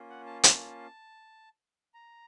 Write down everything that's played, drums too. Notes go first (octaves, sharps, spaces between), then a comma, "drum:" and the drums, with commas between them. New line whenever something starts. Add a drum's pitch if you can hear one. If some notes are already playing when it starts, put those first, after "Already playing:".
Already playing: A#3 C#4 F4
F#5
A5
A5, drum: hi-hat
A#5